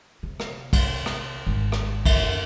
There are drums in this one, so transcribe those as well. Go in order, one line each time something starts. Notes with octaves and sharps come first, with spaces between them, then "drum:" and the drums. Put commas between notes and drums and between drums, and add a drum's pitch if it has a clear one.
C3
drum: rim click
drum: kick, cymbal
drum: rim click
G#1
drum: rim click
drum: kick, cymbal
F#1